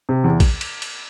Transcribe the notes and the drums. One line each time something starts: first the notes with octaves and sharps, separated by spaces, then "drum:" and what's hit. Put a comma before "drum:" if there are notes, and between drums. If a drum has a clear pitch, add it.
C3
E2
drum: kick, cymbal
drum: cymbal
drum: cymbal